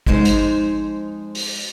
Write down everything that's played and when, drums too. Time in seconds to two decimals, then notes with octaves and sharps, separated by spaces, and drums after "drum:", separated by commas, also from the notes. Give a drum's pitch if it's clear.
0.07 F2 G#3 D#4 C5, drum: kick G#1
0.25 drum: hi-hat
1.35 drum: open hi-hat